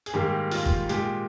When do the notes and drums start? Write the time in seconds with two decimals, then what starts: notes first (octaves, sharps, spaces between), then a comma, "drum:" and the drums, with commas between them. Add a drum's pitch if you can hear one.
0.06 G#4, drum: hi-hat
0.13 G#2 D#3 G3 A#3 G4
0.51 F4, drum: open hi-hat
0.66 drum: kick
0.89 A#2 G#3 G4, drum: hi-hat